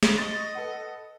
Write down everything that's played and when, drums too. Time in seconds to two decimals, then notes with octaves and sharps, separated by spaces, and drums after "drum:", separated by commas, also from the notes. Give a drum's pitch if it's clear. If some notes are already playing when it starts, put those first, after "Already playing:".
0.03 drum: snare
0.18 D#5 C6 C#6 D#6 A6
0.55 A4 B4 F#5